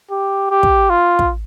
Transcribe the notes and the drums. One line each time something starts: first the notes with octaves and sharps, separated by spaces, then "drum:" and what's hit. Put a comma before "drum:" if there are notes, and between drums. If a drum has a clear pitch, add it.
G4
G4
drum: kick
F4
drum: kick